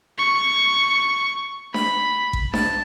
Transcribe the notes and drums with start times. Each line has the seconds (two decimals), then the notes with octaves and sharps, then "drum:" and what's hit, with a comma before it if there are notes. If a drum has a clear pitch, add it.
0.19 C#6
1.74 B5, drum: snare D4
2.33 drum: kick A1
2.54 A5, drum: snare D4